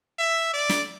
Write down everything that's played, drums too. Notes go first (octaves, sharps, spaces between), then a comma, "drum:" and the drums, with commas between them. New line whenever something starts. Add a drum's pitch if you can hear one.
E5
D5
drum: snare